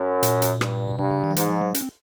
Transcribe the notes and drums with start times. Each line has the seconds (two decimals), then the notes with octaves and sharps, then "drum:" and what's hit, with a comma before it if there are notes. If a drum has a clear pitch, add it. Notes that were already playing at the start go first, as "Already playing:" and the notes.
Already playing: F#2
0.23 A#2, drum: hi-hat
0.42 drum: hi-hat
0.61 G2, drum: rim click
0.88 B2
0.99 G2 C3
1.11 C#3
1.24 D#3
1.31 F3
1.36 G#2 E3, drum: hi-hat
1.49 F3
1.62 F#3
1.74 C#4, drum: hi-hat
1.81 C4